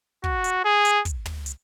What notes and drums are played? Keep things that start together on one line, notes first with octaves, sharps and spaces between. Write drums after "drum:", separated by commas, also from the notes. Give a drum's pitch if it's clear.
F#4, drum: kick
drum: hi-hat
G#4
drum: hi-hat
drum: kick, hi-hat
drum: tom
drum: hi-hat